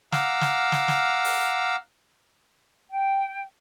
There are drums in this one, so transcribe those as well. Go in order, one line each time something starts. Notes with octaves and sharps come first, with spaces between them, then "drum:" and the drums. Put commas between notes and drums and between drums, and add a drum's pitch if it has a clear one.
F5 F#5 A#5 D6 E6 F6, drum: snare
drum: snare
drum: snare
drum: snare
drum: open hi-hat
G5